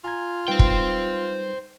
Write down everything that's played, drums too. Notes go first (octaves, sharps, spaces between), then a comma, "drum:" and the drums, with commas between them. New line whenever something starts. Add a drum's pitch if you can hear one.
F4 G#5 A#5 G#6
G3 D#4 B4 C5 G5
drum: kick